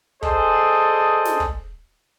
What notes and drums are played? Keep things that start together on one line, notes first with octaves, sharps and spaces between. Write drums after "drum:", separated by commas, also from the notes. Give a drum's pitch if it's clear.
G#4 A4 C5 D5 D#5, drum: kick
drum: snare
drum: kick